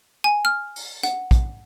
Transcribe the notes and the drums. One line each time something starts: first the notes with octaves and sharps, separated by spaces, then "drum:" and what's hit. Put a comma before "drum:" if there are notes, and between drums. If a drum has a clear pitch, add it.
G#5
F6
drum: open hi-hat
F#5, drum: hi-hat
drum: kick A#1, hi-hat